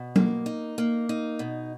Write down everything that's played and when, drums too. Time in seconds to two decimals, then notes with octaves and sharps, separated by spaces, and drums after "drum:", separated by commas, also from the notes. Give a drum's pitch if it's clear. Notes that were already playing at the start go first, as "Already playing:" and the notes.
Already playing: B2
0.16 A#3, drum: tom F#3
0.46 D#4
0.78 A#3
1.09 D#4
1.39 B2